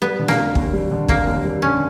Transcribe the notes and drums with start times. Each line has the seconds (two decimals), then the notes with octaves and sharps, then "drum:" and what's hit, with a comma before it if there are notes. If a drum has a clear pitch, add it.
0.02 G3 B3
0.19 D3
0.28 A#3, drum: snare
0.37 F1
0.55 D#2, drum: kick
0.73 G3
0.91 D3
1.08 F1 A#3, drum: kick
1.27 D#2
1.44 G3
1.62 D3 C#4